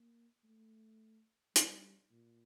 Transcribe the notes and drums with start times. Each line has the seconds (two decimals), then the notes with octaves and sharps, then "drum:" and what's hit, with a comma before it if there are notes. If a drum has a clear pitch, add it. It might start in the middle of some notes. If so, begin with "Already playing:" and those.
Already playing: A#3
0.45 A3
1.56 G3, drum: hi-hat
2.11 A#2